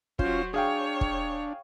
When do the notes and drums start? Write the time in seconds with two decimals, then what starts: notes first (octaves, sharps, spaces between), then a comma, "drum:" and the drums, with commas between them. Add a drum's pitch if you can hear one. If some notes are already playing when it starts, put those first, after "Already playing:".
0.19 F#3 C#4 F4 C5, drum: kick
0.54 D4 G#4 C#5 F5 G5
1.01 drum: kick